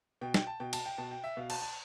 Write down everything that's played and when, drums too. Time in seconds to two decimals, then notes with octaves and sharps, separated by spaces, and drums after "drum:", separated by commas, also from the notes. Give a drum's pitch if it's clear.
0.21 B2 G5
0.34 G5, drum: snare
0.47 A5
0.60 B2 G5
0.73 A5, drum: cymbal
0.86 G5
0.98 B2 A5
1.11 G5
1.24 E5
1.37 B2 F5
1.50 A5, drum: cymbal
1.62 A5